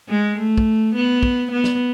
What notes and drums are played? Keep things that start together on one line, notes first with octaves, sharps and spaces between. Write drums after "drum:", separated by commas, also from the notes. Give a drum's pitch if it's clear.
G#3
A3
drum: kick
B3
drum: kick
B3
drum: snare